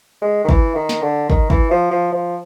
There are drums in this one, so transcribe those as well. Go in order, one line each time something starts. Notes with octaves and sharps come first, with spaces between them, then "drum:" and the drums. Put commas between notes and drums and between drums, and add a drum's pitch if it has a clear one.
G#3
D#3
E3, drum: kick
D#3
drum: snare
D3
D#3, drum: kick
E3, drum: kick
F3
F3
F3